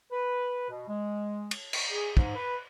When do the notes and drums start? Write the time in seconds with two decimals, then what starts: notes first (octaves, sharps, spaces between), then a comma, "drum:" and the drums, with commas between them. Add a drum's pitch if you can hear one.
0.12 B4
0.70 B2
0.88 G#3
1.51 drum: cymbal
1.73 drum: cymbal
1.91 G#4
2.17 G#2, drum: kick
2.36 B4